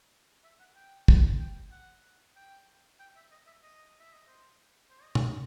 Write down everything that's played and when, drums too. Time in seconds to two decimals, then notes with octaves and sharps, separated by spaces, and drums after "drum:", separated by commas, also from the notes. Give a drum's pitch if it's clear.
0.44 E5
0.60 F#5
0.76 G5
1.08 drum: kick
1.39 G5
1.72 F#5
2.36 G5
3.00 G5
3.16 E5
3.31 D#5
3.47 E5
3.63 D#5
4.00 E5
4.13 D#5
4.28 C5
4.90 C5
5.03 D#5
5.15 C5, drum: tom B2
5.27 D#5